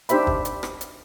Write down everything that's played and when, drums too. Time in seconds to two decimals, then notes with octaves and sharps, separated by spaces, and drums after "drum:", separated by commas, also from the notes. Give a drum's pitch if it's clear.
0.09 D4 D#4 G4 C5 E5 B5, drum: hi-hat
0.27 drum: kick
0.45 drum: hi-hat
0.63 drum: rim click
0.81 drum: hi-hat